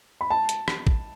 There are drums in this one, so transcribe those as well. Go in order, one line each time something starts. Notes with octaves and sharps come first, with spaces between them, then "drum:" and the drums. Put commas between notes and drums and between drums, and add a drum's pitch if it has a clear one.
B5
A5
drum: hi-hat
drum: rim click
drum: kick A1